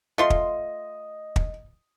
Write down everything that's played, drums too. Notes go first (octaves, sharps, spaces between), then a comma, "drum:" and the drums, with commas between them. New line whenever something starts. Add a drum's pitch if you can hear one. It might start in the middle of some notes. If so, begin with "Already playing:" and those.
A3 F4 D#5 C6
drum: kick
drum: kick